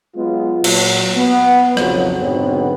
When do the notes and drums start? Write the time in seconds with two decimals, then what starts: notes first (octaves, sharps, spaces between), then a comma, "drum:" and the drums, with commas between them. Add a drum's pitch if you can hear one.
0.16 F#3 G#3 B3 F4
0.64 A#2 F#3, drum: cymbal
1.16 B3
1.77 B1 F2 C#3 F3 F#3, drum: rim click
2.18 G#2 B2 D3 F#3 B3 C4